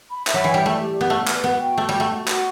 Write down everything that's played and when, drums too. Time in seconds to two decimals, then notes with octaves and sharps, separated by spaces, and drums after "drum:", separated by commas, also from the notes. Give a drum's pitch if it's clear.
0.10 B5
0.27 E5, drum: clap
0.34 F#3
0.44 E3 G5
0.54 G3
0.61 D5
0.66 A3
0.76 G4
0.93 D5
1.01 B3
1.10 A3 B4
1.28 B4, drum: clap
1.43 B3 F#4
1.61 G5
1.77 A3 F#4
1.89 G3
1.94 F#4
2.00 A3
2.10 F#4
2.28 F#4, drum: clap